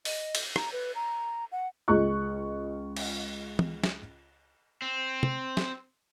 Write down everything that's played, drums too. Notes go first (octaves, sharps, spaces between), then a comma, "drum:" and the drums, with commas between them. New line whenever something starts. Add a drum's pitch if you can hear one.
D#5, drum: open hi-hat
drum: cymbal
A#5, drum: rim click
B4
A#5
F#5
C#2 F4 G#4 D#5 C#6 F#6
drum: cymbal
drum: tom
drum: snare
C4
drum: tom
drum: snare